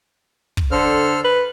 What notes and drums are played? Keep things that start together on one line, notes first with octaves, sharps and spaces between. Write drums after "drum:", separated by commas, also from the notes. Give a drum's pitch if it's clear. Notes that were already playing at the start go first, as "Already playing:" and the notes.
drum: kick
D3 A4 C5 F6
B4